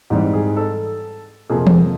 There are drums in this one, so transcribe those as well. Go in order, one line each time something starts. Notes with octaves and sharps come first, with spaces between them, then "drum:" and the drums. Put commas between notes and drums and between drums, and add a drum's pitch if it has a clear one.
G#2 E3 G3 C4 G4
G#4
A4
F2 C3 F3 A#3 G#4
drum: tom E3